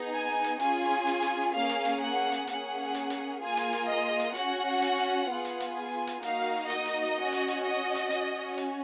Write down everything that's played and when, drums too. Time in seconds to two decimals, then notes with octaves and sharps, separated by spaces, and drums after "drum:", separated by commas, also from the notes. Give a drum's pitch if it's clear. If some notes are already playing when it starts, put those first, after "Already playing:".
Already playing: B3 D#4 G#4
0.13 G#5
0.44 drum: hi-hat
0.60 C#4 F4 G#4 G#5, drum: hi-hat
1.07 drum: hi-hat
1.22 drum: hi-hat
1.54 A#3 C#4 G#4 F5
1.69 drum: hi-hat
1.85 drum: hi-hat
2.01 F#5
2.32 drum: hi-hat
2.47 A#3 C#4 G#4 F#5, drum: hi-hat
2.95 drum: hi-hat
3.10 drum: hi-hat
3.41 A#3 F4 G#4 G#5
3.57 drum: hi-hat
3.73 drum: hi-hat
3.89 D#5
4.20 drum: hi-hat
4.35 C#4 F#4 F#5, drum: hi-hat
4.82 drum: hi-hat
4.98 drum: hi-hat
5.29 B3 F4 G#4
5.45 drum: hi-hat
5.60 drum: hi-hat
5.76 G#5
6.07 drum: hi-hat
6.23 A#3 D#4 F#4 F5, drum: hi-hat
6.70 D#5, drum: hi-hat
6.86 drum: hi-hat
7.16 C#4 F#4
7.32 drum: hi-hat
7.48 drum: hi-hat
7.64 D#5
7.95 drum: hi-hat
8.10 C#4 F#4, drum: hi-hat
8.58 drum: hi-hat